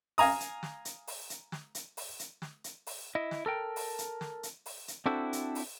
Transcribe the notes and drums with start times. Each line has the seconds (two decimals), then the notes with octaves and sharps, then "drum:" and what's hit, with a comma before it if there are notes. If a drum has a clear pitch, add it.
0.18 F5 G#5 A#5 D#6, drum: open hi-hat
0.40 drum: hi-hat
0.63 drum: snare
0.85 drum: hi-hat
1.07 drum: open hi-hat
1.30 drum: hi-hat
1.52 drum: snare
1.75 drum: hi-hat
1.97 drum: open hi-hat
2.19 drum: hi-hat
2.42 drum: snare
2.64 drum: hi-hat
2.87 drum: open hi-hat
3.15 E4 D#5
3.31 drum: snare
3.46 A4 A#4 G5
3.76 drum: open hi-hat
3.98 drum: hi-hat
4.21 drum: snare
4.43 drum: hi-hat
4.66 drum: open hi-hat
4.88 drum: hi-hat
5.06 C4 D4 E4 F#4 A4 C5
5.33 drum: hi-hat
5.55 drum: open hi-hat